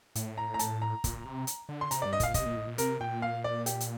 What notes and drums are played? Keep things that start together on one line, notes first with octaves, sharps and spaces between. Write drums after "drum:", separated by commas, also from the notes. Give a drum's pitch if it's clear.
A2, drum: hi-hat
A#5
A#5
A5, drum: hi-hat
A#5
A#2, drum: kick, hi-hat
C3
drum: hi-hat
D3
C6
C3 A#5, drum: hi-hat
D5
G2
D#5
A#2 F5, drum: kick, hi-hat
C3 D#5, drum: kick, hi-hat
A#2
A2
A#2
C3 A#4, drum: hi-hat
A#2 G5
F5
D5
G4, drum: hi-hat
drum: hi-hat